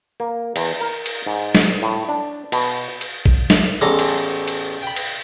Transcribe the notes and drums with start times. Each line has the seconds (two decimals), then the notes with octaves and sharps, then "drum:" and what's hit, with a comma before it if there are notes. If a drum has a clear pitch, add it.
0.20 A#3
0.56 E2, drum: cymbal
0.81 A#4
1.06 drum: cymbal
1.26 G#2
1.55 drum: snare
1.82 A2
2.08 D4
2.52 B2, drum: cymbal
3.01 drum: cymbal
3.26 drum: kick
3.50 drum: snare
3.81 A1 E2 A4 A#5 C6
3.99 drum: cymbal
4.48 drum: cymbal
4.83 G5 B5
4.96 drum: cymbal